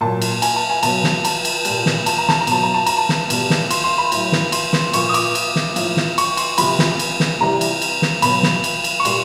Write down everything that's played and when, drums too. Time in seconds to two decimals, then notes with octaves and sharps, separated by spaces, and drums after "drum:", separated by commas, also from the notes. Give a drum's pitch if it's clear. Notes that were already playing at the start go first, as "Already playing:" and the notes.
0.01 A#2 F#3 A5
0.22 drum: cymbal
0.42 G#5, drum: cymbal
0.56 A5
0.70 G#5
0.83 B2 F#3 A5, drum: cymbal
1.04 drum: snare
1.25 A5, drum: cymbal
1.45 drum: cymbal
1.65 A#2 G3, drum: cymbal
1.86 drum: snare
2.06 A5, drum: cymbal
2.18 A#5
2.29 A5, drum: snare
2.41 A#5
2.47 B2 F#3 A5, drum: cymbal
2.63 A#5
2.74 A5
2.86 A#5, drum: cymbal
2.97 A5
3.09 drum: snare
3.30 B2 G3, drum: cymbal
3.50 drum: snare
3.70 C6, drum: cymbal
3.84 C6
3.98 B5
4.12 A2 F#3, drum: cymbal
4.32 drum: snare
4.52 C6, drum: cymbal
4.73 C6, drum: snare
4.93 A#2 F3 C#6, drum: cymbal
5.09 D#6
5.14 D6, drum: cymbal
5.35 drum: cymbal
5.56 drum: snare
5.76 A2 F3, drum: cymbal
5.97 drum: snare
6.18 C#6, drum: cymbal
6.37 C6, drum: cymbal
6.58 C3 F3 B5, drum: cymbal
6.79 drum: snare
6.99 drum: cymbal
7.20 drum: snare
7.40 C3 E3 G3 A#5
7.61 drum: cymbal
7.82 drum: cymbal
8.02 drum: snare
8.22 B2 F#3 B5, drum: cymbal
8.43 drum: snare
8.64 drum: cymbal
8.84 drum: cymbal
9.00 C#6
9.05 A#2 G3 C6, drum: cymbal